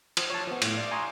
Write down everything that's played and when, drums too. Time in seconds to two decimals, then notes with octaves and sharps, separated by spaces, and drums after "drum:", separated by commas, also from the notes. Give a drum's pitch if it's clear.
0.17 F3, drum: cymbal
0.30 C#5 A5
0.48 F3 B3
0.62 A2, drum: cymbal
0.77 D5
0.91 G#5 A#5 C6 C#6 D#6